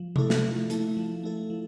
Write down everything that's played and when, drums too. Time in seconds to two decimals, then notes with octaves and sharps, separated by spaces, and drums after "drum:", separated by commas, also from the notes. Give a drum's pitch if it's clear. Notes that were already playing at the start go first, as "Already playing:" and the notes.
Already playing: F3
0.16 A3 E4 A4, drum: tom C3
0.30 drum: snare
0.43 F3
0.70 A3 E4 A4, drum: hi-hat
0.97 F3
1.23 A3 E4 A4
1.50 F3